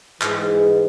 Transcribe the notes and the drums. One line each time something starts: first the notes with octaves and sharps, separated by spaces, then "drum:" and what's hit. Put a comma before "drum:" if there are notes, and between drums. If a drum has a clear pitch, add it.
G#2 E3 G#3, drum: clap